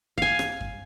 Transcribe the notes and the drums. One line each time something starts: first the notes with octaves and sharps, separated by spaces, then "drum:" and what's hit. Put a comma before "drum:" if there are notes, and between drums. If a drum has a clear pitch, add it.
F5 G#5, drum: kick F#2
drum: rim click
drum: kick F#2